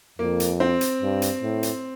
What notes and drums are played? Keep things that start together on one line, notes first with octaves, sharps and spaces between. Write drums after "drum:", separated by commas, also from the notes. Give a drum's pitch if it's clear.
F2 A#3
drum: hi-hat
C4
drum: hi-hat
G2
drum: hi-hat
A2
drum: hi-hat